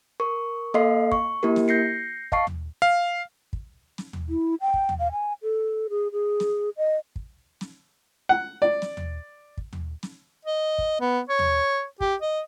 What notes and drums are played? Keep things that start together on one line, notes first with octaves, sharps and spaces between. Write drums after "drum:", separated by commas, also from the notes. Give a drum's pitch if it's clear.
A#4 C#6
A#3 A4 D#5 F5 C6 C7
C#6, drum: kick
A#3 E4 G4 A#4
drum: snare
G6 A#6 C7 C#7
D#5 F5 A5 C#6 C7, drum: kick
drum: tom D#2
F5
drum: kick
drum: snare
drum: tom D#2
E4
G5
drum: kick
drum: tom D#2
F5
G#5
A4
G#4
G#4
drum: snare
D#5
drum: kick
drum: snare
F#5
D5
drum: snare
drum: tom D#2
drum: kick
drum: tom D#2
drum: snare
D#5
drum: kick
B3
C#5
drum: tom D#2
G4, drum: kick
D#5